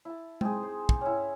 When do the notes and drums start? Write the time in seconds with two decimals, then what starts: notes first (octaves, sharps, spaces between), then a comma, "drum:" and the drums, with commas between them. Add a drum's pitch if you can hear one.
0.05 E4 A5
0.41 C4 D#4 G#4, drum: tom G#3
0.63 C5
0.89 drum: kick
1.01 C#4 E4